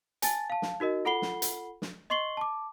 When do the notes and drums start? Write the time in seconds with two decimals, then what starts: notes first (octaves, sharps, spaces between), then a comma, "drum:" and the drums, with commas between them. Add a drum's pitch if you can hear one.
0.22 G#5 A5 A6, drum: hi-hat
0.50 F5 A5
0.62 drum: snare
0.80 D#4 F#4 A#4 D#5
1.05 F4 A4 F#5 B5 C7 G7
1.22 drum: snare
1.42 drum: hi-hat
1.82 drum: snare
2.10 D#5 C6 C#6 C7 F#7 G7
2.37 A5 D6